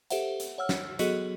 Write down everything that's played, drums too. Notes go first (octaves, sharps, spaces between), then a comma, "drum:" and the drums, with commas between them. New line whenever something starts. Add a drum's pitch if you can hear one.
G4 A4 C5 E5 F#5, drum: hi-hat
drum: hi-hat
C#5 F#5 E6 F6
drum: snare
F#3 B3 F#4 G#4 A4 D#5, drum: hi-hat